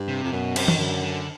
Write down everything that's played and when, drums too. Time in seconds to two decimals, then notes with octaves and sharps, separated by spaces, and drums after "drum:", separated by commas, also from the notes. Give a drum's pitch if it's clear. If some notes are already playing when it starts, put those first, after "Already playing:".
Already playing: G2
0.08 C3
0.24 F2
0.32 F#2 B2
0.56 C3, drum: cymbal
0.68 D#3, drum: tom E3
0.78 F#2 D3
1.02 D3